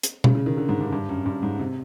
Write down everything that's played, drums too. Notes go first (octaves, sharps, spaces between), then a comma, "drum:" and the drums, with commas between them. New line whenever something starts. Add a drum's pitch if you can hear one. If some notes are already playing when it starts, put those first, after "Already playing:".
drum: hi-hat
C#3, drum: tom B2
C#3
D#3
D3
G#2
G2
G2
F#2
G2
G#2
C3